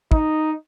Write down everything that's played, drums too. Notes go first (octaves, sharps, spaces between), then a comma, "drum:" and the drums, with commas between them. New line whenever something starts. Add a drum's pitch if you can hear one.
D#4, drum: kick